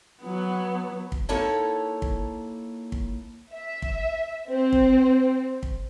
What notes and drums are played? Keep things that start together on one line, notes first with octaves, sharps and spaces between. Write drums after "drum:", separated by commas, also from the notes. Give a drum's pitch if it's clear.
F#3 B3
drum: kick
A#3 D#4 E4 A4 C#5 A5
drum: kick
drum: kick
E5
drum: kick
C4
drum: kick
drum: kick